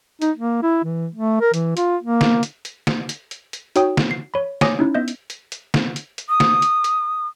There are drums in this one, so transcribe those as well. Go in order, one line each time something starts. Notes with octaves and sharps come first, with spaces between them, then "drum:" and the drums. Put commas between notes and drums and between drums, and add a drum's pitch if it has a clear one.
D#4, drum: hi-hat
A#3
E4
E3
A3
A#4
E3, drum: hi-hat
F4, drum: hi-hat
A#3
drum: snare
drum: hi-hat
drum: hi-hat
drum: snare
drum: hi-hat
drum: hi-hat
drum: hi-hat
D#4 F#4 C#5 G5 D#6, drum: hi-hat
drum: snare
C7
C#5 B5
C#5 G#5 D6 D#6 A#6, drum: snare
C#4 D#4 E4
B3 D#5 E5 G6
drum: hi-hat
drum: hi-hat
drum: hi-hat
drum: snare
drum: hi-hat
drum: hi-hat
D#6
drum: snare
drum: hi-hat
drum: hi-hat